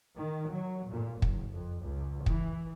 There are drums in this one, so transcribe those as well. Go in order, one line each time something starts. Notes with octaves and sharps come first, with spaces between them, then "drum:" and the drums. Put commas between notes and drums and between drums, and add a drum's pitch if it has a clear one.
D#3
F#3
A#2
F#1, drum: kick
F2
C#2
E3, drum: kick